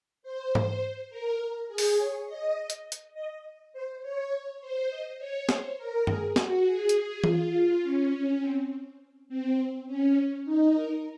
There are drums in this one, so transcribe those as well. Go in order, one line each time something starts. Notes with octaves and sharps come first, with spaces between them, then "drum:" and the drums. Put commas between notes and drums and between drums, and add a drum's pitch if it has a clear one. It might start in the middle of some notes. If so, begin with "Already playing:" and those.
C5
drum: tom G#2
A#4
G#4
drum: open hi-hat
C#5
D#5
drum: hi-hat
drum: hi-hat
D#5
C5
C#5
C5
D#5
C#5
C5, drum: snare
A#4
G#4, drum: tom
F#4, drum: snare
G#4
drum: hi-hat
F4, drum: tom E3
C#4
C4
C4
C#4
D#4
A#4